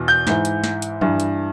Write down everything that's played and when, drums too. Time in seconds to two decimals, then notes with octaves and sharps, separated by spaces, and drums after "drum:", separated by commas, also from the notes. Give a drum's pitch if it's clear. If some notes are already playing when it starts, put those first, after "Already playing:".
Already playing: E2 B2
0.08 G6
0.27 G#2 E3, drum: snare
0.45 drum: hi-hat
0.64 drum: snare
0.82 drum: hi-hat
1.01 G2 E3, drum: tom F3
1.20 drum: hi-hat